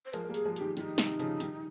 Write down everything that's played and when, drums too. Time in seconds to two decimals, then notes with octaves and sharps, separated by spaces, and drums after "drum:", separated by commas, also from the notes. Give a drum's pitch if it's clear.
0.06 C5
0.13 F3 G#3 A#4, drum: hi-hat
0.24 G#3
0.29 G3 A#3
0.34 G#4, drum: hi-hat
0.45 F3 G#3
0.56 D#3 G3 G4, drum: hi-hat
0.77 D#3 G3 F4, drum: hi-hat
0.81 D#4
0.98 C3 D#3, drum: snare
1.19 C#3 F3, drum: hi-hat
1.40 D#3 G3, drum: hi-hat